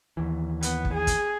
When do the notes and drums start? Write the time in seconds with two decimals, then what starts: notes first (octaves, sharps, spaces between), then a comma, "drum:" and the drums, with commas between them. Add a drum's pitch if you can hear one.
0.17 D#2 E3
0.62 B3, drum: hi-hat
0.85 drum: kick
0.94 G#4
1.07 drum: kick, hi-hat